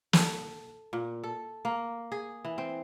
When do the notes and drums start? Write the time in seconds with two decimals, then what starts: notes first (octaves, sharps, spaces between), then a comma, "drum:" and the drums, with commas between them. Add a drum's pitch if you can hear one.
0.13 A4, drum: snare
0.93 A#2
1.23 A4
1.65 A#3
2.12 G#4
2.45 E3
2.58 C4